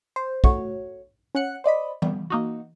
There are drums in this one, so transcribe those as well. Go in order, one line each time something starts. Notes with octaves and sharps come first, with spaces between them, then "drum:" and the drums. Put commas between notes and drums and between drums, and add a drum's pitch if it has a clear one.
C5
A3 F#4 C#5, drum: kick
C#4 F#5 F#6 C#7
C5 D5 D#5 B5
G3 B3, drum: tom E3
A#3 D#4 F#4